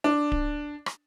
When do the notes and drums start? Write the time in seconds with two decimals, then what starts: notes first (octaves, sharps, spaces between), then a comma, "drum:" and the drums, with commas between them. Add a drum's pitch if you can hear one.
0.04 D4
0.32 drum: kick D1
0.86 drum: rim click